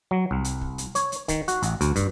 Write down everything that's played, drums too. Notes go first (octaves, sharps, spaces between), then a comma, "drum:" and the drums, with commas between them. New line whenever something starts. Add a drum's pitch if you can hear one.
F#3
C2
drum: hi-hat
drum: kick
drum: hi-hat
C#5, drum: hi-hat
drum: hi-hat
D#3, drum: kick, hi-hat
F#4, drum: hi-hat
A1, drum: hi-hat
D2, drum: hi-hat
G2, drum: kick, hi-hat